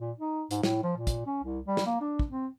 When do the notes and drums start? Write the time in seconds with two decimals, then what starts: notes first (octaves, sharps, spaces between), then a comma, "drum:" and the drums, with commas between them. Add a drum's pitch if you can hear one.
0.01 A#2
0.20 D#4
0.51 G#2, drum: hi-hat
0.63 A2, drum: snare
0.83 F3
0.97 A#2
1.07 drum: kick, hi-hat
1.26 C#4
1.43 C2
1.68 G3
1.77 drum: snare
1.86 A#3
2.01 D4
2.19 drum: kick
2.30 C4